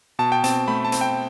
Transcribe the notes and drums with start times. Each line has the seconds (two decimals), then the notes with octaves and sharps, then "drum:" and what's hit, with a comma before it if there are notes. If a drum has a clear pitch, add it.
0.19 B2 A5
0.32 G5
0.44 C4 A5, drum: hi-hat
0.68 A3 B5
0.85 A5
0.92 C4, drum: hi-hat
1.01 G5